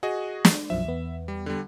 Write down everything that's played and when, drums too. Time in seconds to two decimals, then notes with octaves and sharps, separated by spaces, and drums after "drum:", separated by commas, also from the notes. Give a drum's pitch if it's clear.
0.03 F#4 G#4 D#5
0.45 drum: snare
0.70 B1 F#2 F3 E5
0.85 E2 B3
1.28 G3
1.46 D3 G3